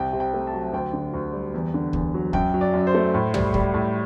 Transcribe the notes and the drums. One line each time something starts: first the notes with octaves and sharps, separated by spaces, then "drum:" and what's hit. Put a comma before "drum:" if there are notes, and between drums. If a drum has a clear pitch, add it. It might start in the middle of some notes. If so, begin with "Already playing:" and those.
Already playing: C2 G5
C3
G5
A3
A5
F#3
D2 G5
D3
D2
G3
E2
D3
E2, drum: kick
F#3
F#2 G5, drum: kick
F#3
D5
F#2
C5
A3
A2
G3, drum: tom
G3, drum: kick
A2